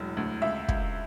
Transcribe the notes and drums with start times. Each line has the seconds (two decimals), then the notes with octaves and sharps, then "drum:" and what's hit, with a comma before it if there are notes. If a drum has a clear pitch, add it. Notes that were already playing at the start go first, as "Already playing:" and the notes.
Already playing: E1 A2 F#3
0.17 D2
0.42 C#2 E5
0.68 C#2, drum: kick